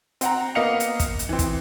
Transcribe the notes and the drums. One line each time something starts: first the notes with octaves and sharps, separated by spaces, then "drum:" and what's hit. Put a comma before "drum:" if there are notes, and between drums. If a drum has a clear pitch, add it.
C4 F#5 A#5, drum: hi-hat
A#3 B3 D#5 F5 C#7 F7
drum: hi-hat
drum: kick, hi-hat
drum: hi-hat
E3 C4
drum: kick, hi-hat